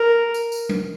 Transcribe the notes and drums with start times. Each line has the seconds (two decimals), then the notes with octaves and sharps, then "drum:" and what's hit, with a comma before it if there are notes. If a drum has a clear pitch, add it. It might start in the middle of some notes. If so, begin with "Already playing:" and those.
Already playing: A#4
0.34 drum: tambourine
0.52 drum: tambourine
0.69 drum: tom F#3